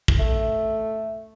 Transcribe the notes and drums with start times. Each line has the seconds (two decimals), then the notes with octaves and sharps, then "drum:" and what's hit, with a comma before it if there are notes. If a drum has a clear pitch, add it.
0.08 drum: kick
0.19 A3